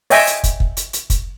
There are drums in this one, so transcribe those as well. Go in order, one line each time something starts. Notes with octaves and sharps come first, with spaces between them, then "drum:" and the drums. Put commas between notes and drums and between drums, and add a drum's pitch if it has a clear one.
C#5 D#5 E5 G5 G#5, drum: open hi-hat
drum: hi-hat
drum: kick, hi-hat
drum: kick
drum: hi-hat
drum: hi-hat
drum: kick, hi-hat